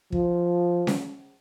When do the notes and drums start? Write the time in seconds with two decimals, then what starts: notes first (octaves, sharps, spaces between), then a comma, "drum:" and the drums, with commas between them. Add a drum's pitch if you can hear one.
0.12 F3, drum: kick
0.87 drum: snare C#4